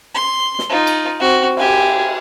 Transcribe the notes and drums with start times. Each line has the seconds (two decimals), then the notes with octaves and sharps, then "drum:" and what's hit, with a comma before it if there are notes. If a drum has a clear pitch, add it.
0.15 C6
0.59 drum: snare
0.69 D#4 F4
0.87 drum: cymbal
1.20 C4 F#4
1.57 G4 G#5, drum: cymbal